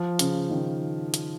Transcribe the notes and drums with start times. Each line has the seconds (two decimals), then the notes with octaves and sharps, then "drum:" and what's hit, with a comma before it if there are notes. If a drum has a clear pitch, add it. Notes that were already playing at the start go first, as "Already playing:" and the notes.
Already playing: F3
0.19 C#3, drum: hi-hat
0.50 D#3
1.14 drum: hi-hat